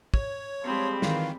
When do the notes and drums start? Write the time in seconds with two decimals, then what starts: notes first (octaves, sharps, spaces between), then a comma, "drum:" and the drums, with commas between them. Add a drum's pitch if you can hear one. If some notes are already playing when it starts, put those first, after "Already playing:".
0.14 C#5, drum: kick
0.64 F3 G3 G#3 C4 B5
1.02 D#3 E3 F4, drum: snare